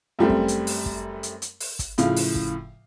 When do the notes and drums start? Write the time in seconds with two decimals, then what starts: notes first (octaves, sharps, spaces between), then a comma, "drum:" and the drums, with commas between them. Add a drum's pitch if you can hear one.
0.19 F#2 G3 A3 C4
0.30 drum: kick
0.48 drum: hi-hat
0.67 drum: open hi-hat
0.86 drum: kick
1.23 drum: hi-hat
1.42 drum: hi-hat
1.60 drum: open hi-hat
1.79 drum: kick, hi-hat
1.98 A2 C#3 F3 F5, drum: hi-hat
2.17 drum: open hi-hat
2.35 drum: kick